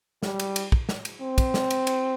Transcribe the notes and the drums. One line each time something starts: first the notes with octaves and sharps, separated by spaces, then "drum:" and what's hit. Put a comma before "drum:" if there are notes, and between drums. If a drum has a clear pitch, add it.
G3, drum: snare
drum: cymbal
drum: cymbal
drum: kick
drum: snare
drum: cymbal
C4
drum: kick, cymbal
drum: snare
drum: cymbal
drum: cymbal